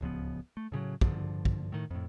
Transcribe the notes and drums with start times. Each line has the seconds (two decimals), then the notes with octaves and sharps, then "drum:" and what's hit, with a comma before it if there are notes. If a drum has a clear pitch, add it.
0.01 D1 C#2 F3 B3
0.57 A3
0.72 A2 C#3 F3 F#3
1.01 G2 D3 F3, drum: kick
1.45 drum: kick
1.72 A2 D#3
1.91 F2 A2